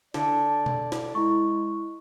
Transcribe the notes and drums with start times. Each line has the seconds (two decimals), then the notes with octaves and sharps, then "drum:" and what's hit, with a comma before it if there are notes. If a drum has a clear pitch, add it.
0.14 D3 D5, drum: snare
0.66 drum: tom B2
0.92 drum: snare
1.15 G#3 E4 C#6